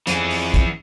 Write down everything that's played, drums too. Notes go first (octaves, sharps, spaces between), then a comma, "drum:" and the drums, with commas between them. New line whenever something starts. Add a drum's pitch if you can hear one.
F2 E3 G#4, drum: hi-hat
drum: open hi-hat
drum: kick, hi-hat